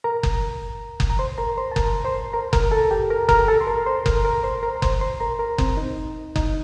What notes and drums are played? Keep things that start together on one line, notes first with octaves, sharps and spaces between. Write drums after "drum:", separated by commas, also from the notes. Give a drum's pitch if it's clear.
A#4 A#5
drum: kick F#1
drum: kick F#1
A#5
C5 C6
A#4 A#5
C5 C6
A5
A#4 A#5, drum: kick F#1
C5 C6
A#4 A#5
A#4 A#5, drum: kick F#1
A4 A5
G4 G5
A#4 A#5
A#4 A#5, drum: kick F#1
A4 A5
C6
A#4 A#5
C5 C6
A#4 A#5, drum: kick F#1
A#4 A#5
C5 C6
A#4 A#5
A#5
C5 C6, drum: kick F#1
C5 C6
A#4 A#5
A#4 A#5
C4 C5, drum: kick F#1
D#4
D#4, drum: kick F#1